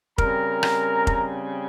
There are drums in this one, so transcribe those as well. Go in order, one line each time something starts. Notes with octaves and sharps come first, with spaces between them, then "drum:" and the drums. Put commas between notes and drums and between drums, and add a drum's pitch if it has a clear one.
C#3 G3 C4 A#4 A#5, drum: kick F1
drum: rim click
drum: kick F1